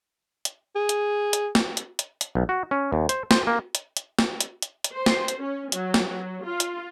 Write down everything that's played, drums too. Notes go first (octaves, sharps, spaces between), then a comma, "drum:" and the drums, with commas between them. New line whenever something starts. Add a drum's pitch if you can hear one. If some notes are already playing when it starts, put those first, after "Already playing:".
drum: hi-hat
G#4
drum: hi-hat
drum: hi-hat
drum: snare
drum: hi-hat
drum: hi-hat
drum: hi-hat
B1
F#4
C#4
D#2
C5, drum: hi-hat
C5, drum: snare
A#3
drum: hi-hat
drum: hi-hat
drum: snare
drum: hi-hat
drum: hi-hat
drum: hi-hat
C5
drum: snare
drum: hi-hat
C#4
F#3, drum: hi-hat
drum: snare
F#3
F4
drum: hi-hat